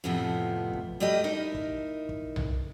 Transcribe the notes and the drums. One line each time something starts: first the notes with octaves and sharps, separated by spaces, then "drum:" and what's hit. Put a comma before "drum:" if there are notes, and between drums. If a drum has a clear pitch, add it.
F2 A2 C3 F3 B3
drum: kick
G3 A3 G4 D5 D#5
D#4 E4 A#4
drum: kick
drum: kick
drum: tom B1